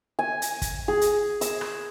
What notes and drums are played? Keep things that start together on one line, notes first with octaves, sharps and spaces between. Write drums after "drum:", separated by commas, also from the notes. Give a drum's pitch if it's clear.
G#5
drum: hi-hat
drum: kick, hi-hat
G#4
drum: hi-hat
E6, drum: hi-hat
drum: rim click